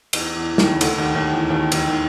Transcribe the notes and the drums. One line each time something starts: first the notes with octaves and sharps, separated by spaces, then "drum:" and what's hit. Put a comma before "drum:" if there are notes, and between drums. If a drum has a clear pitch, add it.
E2 E3, drum: cymbal
E2 E3
E3
D#2 D#3, drum: snare
C#3
D2 D3, drum: cymbal
D#2 D#3
D#2 D#3
E2 E3
D#2 D#3
D#2 D#3, drum: cymbal
D#3